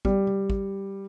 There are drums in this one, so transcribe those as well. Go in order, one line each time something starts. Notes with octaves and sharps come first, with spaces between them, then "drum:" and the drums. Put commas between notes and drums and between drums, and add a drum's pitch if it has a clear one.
G3, drum: kick
drum: tom C3
drum: kick